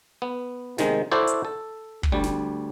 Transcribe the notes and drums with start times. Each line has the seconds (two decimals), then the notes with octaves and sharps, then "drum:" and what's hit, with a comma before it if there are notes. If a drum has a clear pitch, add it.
0.22 B3
0.78 C3 D#3 G#3, drum: snare
1.12 E4 F#4 A4 C5 D5
1.27 drum: hi-hat
1.45 A4
2.03 drum: kick
2.12 D2 G3
2.24 drum: snare